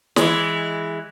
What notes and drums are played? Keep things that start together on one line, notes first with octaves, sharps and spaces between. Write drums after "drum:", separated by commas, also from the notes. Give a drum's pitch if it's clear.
E3 G#3, drum: snare